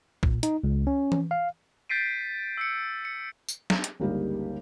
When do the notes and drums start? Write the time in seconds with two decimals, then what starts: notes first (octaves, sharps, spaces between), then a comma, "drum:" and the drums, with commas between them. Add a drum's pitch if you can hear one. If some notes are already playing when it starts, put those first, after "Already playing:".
0.23 A#2, drum: kick
0.43 D#4, drum: hi-hat
0.64 C#2
0.87 C#4
1.12 drum: tom E3
1.31 F5
1.89 G6 A6 B6 C7 D7 D#7
2.58 E6 C7 C#7
3.05 C#7
3.48 drum: tambourine
3.70 drum: snare
3.84 drum: hi-hat
4.00 G1 C#2 G3 A#3 D#4 G4